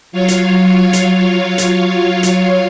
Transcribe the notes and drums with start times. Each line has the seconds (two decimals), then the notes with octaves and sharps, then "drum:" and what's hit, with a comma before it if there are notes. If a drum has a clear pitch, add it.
0.12 F#3 F4 C#5 F5
0.28 drum: hi-hat
0.93 drum: hi-hat
1.58 drum: hi-hat
2.23 drum: hi-hat